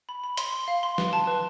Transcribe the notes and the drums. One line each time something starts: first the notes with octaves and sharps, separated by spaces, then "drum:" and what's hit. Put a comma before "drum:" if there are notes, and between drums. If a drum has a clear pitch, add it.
B5
B5
C6, drum: hi-hat
C6
F5
C6
B4, drum: snare
A5
B4